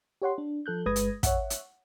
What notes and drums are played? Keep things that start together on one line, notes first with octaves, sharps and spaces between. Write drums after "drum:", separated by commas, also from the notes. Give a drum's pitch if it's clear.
G4 C#5 F#5 C6
D4
F3 A4 F#6 G6
G1 G#3 B4 D#6 G#6 A#6
drum: hi-hat
C#5 E5 F#5, drum: kick, hi-hat
drum: hi-hat